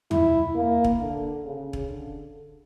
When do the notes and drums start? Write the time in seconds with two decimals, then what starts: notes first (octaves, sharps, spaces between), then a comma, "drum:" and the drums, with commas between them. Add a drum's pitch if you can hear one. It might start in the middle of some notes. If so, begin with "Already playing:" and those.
0.11 E4, drum: tom
0.55 A#3
0.84 drum: kick E1
1.00 D3
1.44 C#3
1.73 drum: kick E1
1.88 D3